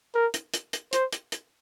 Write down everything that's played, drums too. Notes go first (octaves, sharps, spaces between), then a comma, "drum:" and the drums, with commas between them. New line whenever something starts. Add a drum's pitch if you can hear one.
A#4
drum: hi-hat
drum: hi-hat
drum: hi-hat
C5, drum: hi-hat
drum: hi-hat
drum: hi-hat